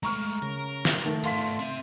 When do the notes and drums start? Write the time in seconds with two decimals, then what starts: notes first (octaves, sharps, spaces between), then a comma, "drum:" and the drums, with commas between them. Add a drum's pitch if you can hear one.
0.03 G#3 A3 A#5 C#6 F6
0.42 C#3 A#4
0.85 drum: snare
1.06 D#3 A3
1.24 B3 F4 F5 C6 B6, drum: hi-hat
1.59 C4 E5, drum: open hi-hat